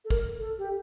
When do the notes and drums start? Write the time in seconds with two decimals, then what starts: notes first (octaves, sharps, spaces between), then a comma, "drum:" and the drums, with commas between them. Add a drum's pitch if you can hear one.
0.05 A4
0.10 A#4, drum: kick
0.39 A4
0.58 G4